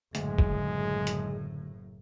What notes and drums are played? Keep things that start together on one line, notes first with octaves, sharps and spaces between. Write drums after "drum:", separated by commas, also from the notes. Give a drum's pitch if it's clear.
F#1 D2 A2 G#3, drum: hi-hat
drum: kick
drum: hi-hat